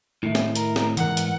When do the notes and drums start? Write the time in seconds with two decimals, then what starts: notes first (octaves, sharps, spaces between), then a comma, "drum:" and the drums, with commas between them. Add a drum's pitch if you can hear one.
0.23 A2 D#3 E4
0.35 drum: snare
0.55 A#4, drum: hi-hat
0.76 drum: snare
0.97 C#2 G#2 E3 A#4 F#5, drum: hi-hat
1.17 drum: hi-hat